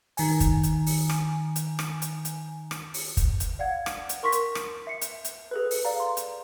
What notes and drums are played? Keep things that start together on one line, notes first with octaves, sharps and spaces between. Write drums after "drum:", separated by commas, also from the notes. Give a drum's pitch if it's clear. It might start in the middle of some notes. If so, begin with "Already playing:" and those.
D#3 G#5, drum: open hi-hat
drum: kick, hi-hat
drum: hi-hat
drum: open hi-hat
drum: rim click
drum: hi-hat
drum: rim click
drum: hi-hat
drum: hi-hat
drum: rim click
drum: open hi-hat
drum: kick, hi-hat
drum: hi-hat
D5 F5 F#5 G#6
drum: rim click
drum: hi-hat
A#4 C6 C#6 A#6 B6
drum: hi-hat
drum: rim click
E5 C7 C#7
drum: hi-hat
drum: hi-hat
G#4 A4 B4
drum: open hi-hat
D5 F5 A#5
C6
drum: hi-hat